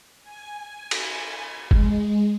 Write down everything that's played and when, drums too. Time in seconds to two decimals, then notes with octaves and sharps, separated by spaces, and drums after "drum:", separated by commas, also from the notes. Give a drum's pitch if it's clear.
0.23 G#5
0.91 drum: cymbal
1.71 G#3, drum: kick